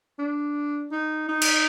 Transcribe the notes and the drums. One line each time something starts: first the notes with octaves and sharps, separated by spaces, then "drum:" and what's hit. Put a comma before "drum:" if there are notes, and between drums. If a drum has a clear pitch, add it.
D4
D#4
D#4
drum: cymbal